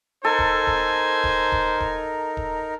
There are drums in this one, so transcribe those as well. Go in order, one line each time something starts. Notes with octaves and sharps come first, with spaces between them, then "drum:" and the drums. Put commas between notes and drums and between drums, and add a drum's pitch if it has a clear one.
D#4 A4 A#4 C5 G#5
drum: kick D#1
drum: kick D#1
drum: kick D#1
drum: kick D#1
drum: kick D#1
drum: kick D#1